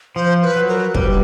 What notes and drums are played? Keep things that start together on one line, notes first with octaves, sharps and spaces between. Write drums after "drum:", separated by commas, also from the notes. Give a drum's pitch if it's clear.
F3 C5
B4
F#3
A#4
G3 B4 C5, drum: kick